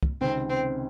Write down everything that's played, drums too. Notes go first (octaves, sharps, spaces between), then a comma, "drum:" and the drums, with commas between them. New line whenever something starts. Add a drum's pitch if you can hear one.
drum: kick
C#2 C3 D#3 C4
C4